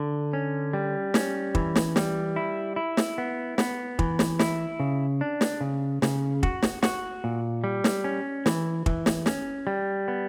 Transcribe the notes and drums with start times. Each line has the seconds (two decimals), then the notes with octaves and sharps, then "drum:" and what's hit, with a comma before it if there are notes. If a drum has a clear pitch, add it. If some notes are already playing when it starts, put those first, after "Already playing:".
Already playing: D3
0.33 C#4
0.73 G3
1.14 C#4, drum: snare
1.55 E3, drum: kick
1.76 drum: snare
1.96 G3, drum: snare
2.36 E4
2.76 E4
2.97 drum: snare
3.18 B3
3.58 B3, drum: snare
3.99 E3, drum: kick
4.19 drum: snare
4.39 E4, drum: snare
4.80 C#3
5.21 D4
5.41 drum: snare
5.61 C#3
6.02 C#3, drum: snare
6.43 F#4, drum: kick
6.63 drum: snare
6.83 F#4, drum: snare
7.24 A#2
7.64 G3
7.84 drum: snare
8.04 C#4
8.46 E3, drum: snare
8.86 E3, drum: kick
9.06 drum: snare
9.26 C#4, drum: snare
9.67 G3
10.08 B3